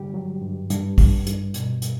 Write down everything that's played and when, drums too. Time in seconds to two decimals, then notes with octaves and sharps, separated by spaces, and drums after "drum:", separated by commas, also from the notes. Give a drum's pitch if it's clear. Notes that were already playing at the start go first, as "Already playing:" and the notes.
Already playing: G2 D3 G3 G4
0.14 F#3
0.42 G2
0.70 G2, drum: hi-hat
0.98 G2, drum: kick, open hi-hat
1.27 G2, drum: hi-hat
1.54 B2, drum: hi-hat
1.82 drum: hi-hat